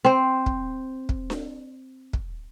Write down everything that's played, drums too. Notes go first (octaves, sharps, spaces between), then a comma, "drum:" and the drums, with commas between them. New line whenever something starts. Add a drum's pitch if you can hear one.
C4 C5
drum: kick
drum: kick
drum: snare D4
drum: kick